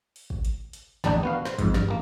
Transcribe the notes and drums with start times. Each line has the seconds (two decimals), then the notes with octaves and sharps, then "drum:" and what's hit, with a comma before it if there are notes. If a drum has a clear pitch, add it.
0.16 drum: open hi-hat
0.30 drum: kick
0.45 drum: hi-hat
0.73 drum: hi-hat
1.04 A1 D#2 G3 D4 D#4 G5, drum: snare
1.23 B3 F#4 F5
1.45 C5, drum: snare
1.59 F2 G#2, drum: kick, hi-hat
1.74 G2, drum: snare
1.89 A1 A#3